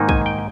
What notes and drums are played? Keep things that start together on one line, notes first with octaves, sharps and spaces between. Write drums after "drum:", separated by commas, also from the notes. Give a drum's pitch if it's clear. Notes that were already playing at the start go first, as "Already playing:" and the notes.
Already playing: G#2 D#3 A#3 D#4
G#5, drum: kick
G5